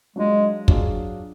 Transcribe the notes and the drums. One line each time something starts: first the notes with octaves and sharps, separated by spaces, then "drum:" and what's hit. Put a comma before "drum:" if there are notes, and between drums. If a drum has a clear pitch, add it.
F#3 G#3 D4 F4 G#4
F#3 D4 F4 G#4, drum: kick